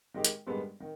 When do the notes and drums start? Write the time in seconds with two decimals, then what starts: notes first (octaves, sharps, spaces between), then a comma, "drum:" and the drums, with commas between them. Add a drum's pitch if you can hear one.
0.14 D#3 G#3 D#4 G4
0.25 drum: hi-hat
0.47 G2 D#3 G#3 B3
0.80 D#3